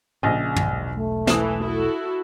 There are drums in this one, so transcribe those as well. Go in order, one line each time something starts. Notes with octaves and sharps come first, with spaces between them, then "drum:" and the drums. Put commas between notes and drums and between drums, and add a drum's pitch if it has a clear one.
A#1 C#3 D#5
E1 B1, drum: tom
A3
E3 D#6 E7, drum: snare
E4 F#4 A4